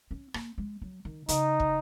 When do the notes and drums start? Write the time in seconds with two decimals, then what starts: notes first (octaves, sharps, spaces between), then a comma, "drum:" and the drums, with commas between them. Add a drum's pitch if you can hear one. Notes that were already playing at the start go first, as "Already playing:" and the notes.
0.11 C#4
0.34 A#3, drum: rim click
0.58 G#3
0.82 F#3
1.05 D#3
1.28 C#3 D#4, drum: hi-hat
1.60 drum: kick